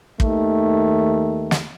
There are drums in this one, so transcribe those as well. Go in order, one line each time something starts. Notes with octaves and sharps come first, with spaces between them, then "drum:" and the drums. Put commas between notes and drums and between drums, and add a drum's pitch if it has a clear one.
D#2 D#3 A3, drum: kick
drum: snare